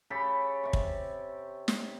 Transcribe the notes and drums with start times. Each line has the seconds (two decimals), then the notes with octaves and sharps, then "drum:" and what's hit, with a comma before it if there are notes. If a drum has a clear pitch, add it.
0.10 C#3 G4 A4 B5
0.64 C3 C#6
0.73 drum: kick
1.68 drum: snare